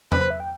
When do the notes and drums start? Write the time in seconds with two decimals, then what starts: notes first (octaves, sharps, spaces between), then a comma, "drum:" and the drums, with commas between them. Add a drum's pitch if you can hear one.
0.12 B4 C5, drum: tom E2
0.30 E5
0.40 G5